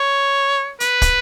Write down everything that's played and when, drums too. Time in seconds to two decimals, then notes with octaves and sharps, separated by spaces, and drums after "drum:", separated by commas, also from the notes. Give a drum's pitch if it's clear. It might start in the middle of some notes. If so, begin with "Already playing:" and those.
Already playing: C#5
0.80 B4, drum: hi-hat
1.02 drum: kick, hi-hat